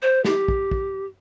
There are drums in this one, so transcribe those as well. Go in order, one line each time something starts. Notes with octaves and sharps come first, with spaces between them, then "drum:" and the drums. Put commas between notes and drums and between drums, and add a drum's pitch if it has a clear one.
C5
G4, drum: snare E4
drum: kick
drum: kick